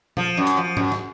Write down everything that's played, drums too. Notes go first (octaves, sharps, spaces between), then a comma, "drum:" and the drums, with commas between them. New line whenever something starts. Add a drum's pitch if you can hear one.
F3, drum: tom A#2
F#2
drum: hi-hat
F3
F#2, drum: tom G#2
drum: snare